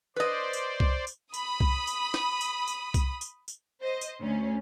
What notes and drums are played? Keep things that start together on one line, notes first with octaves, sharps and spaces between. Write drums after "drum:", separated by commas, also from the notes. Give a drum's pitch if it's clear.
B4 C5 D5 D#5
drum: tambourine
drum: kick C2
drum: tambourine
B5 D#6, drum: tambourine
drum: kick C2
drum: tambourine
drum: snare
drum: tambourine
drum: tambourine
drum: kick C2, tambourine
drum: tambourine
drum: tambourine
C5 D#5
drum: tambourine
D2 C#4